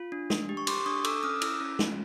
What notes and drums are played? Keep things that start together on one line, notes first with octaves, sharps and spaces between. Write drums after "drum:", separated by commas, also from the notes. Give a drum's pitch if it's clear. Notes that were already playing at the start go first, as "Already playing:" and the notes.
Already playing: F4
D4
D4, drum: snare
G4
C#6
G4 C6 D6, drum: cymbal
D4 C#6 D#6
A4 D6 E6, drum: cymbal
C#4 D#6 F6
E4 D6 E6, drum: cymbal
C#4
F4, drum: snare